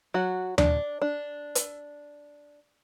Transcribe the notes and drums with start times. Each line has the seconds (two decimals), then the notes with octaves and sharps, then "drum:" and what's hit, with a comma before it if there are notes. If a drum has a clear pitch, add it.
0.14 F#3 F#4
0.58 D4, drum: tom D#2
1.02 D4
1.55 drum: hi-hat